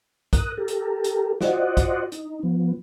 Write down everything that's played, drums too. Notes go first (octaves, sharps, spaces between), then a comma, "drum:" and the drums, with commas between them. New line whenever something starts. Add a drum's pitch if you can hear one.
A#4 D#6 F#6, drum: kick, hi-hat
G4 A4 A#4
drum: hi-hat
drum: hi-hat
F4 F#4 C5 D5 D#5 F#5, drum: snare
drum: kick, hi-hat
D#4, drum: hi-hat
F3 B3